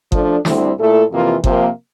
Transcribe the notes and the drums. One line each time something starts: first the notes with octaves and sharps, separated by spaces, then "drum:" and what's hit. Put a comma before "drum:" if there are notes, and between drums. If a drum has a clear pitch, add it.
F3 A3 D4 A4, drum: kick G1
D2 D3 G3 C4 E4, drum: snare
A#2 A3 E4 A4
F2 C3 E3 A#3 F4
C3 F3 A#3, drum: kick G1